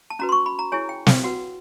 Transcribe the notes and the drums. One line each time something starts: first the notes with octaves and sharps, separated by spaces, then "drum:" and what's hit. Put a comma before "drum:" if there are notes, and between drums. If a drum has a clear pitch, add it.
A5
C#4 F#4 B4 A#5
C6
C#6
B5
A#5
E4 G#4 C#5 G#5
G5
G5, drum: snare
F#4 B4 F#5